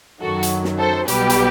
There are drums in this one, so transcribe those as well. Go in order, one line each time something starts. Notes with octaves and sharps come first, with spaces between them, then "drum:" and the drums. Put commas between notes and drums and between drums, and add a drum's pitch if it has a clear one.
F#2 D#3 F#3 F#4 A4
drum: hi-hat
drum: snare
A4 C5
B1 B2 G3 G4 B4, drum: hi-hat
drum: hi-hat